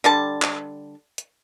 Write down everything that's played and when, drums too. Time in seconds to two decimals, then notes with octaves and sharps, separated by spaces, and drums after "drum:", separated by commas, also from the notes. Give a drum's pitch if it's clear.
0.04 D3 G3 A5
0.42 drum: clap
1.18 drum: hi-hat